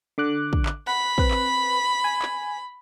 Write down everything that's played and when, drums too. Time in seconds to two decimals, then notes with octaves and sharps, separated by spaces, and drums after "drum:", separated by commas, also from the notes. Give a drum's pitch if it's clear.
0.18 D3 D6 F#6
0.53 drum: kick
0.66 drum: clap
0.87 F#5 B5
1.18 C4 B4, drum: kick
1.31 drum: clap
2.04 G#5
2.22 drum: clap